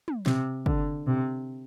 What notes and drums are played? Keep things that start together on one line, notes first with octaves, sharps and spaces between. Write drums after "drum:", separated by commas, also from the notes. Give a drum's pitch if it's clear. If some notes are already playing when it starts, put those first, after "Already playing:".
drum: tom
C3, drum: snare
D3, drum: kick
C3